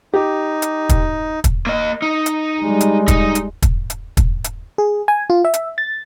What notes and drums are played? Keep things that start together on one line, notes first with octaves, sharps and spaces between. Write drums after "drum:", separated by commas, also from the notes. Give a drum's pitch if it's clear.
D#4 G4
drum: hi-hat
drum: kick, hi-hat
drum: kick, hi-hat
A#3 D#5
D#4
drum: hi-hat
G3 G#3
drum: hi-hat
D#4, drum: kick, hi-hat
drum: hi-hat
drum: kick, hi-hat
drum: hi-hat
drum: kick, hi-hat
drum: hi-hat
G#4
G#5
F4
E5
drum: hi-hat
A6